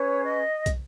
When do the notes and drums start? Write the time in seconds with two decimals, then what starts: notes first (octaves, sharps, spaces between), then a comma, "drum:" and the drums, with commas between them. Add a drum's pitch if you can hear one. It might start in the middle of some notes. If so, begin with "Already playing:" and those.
Already playing: C#4 G#4 B4 C#5
0.23 D#5
0.66 drum: kick, hi-hat